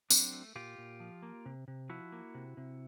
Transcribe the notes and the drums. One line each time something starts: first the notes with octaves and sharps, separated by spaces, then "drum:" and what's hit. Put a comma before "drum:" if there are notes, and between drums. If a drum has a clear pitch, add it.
F#3 C4 D4, drum: tambourine
A3
A#2 F4 G4
A#2
F3
A#3
C3
C3
F3 E4 F#4
A#3
C3
C3